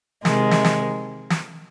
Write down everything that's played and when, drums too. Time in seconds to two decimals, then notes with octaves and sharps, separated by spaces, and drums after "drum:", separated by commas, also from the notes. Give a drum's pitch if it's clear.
0.25 C3 D#3 G#3, drum: snare
0.51 drum: snare
0.64 drum: snare
1.30 drum: snare